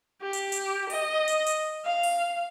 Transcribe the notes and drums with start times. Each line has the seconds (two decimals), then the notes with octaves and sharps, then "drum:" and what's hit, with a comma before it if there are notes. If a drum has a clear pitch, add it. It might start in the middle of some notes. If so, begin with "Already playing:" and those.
0.22 G4
0.33 drum: hi-hat
0.52 drum: hi-hat
0.90 D#5, drum: open hi-hat
1.28 drum: hi-hat
1.46 drum: hi-hat
1.85 F5
2.03 drum: open hi-hat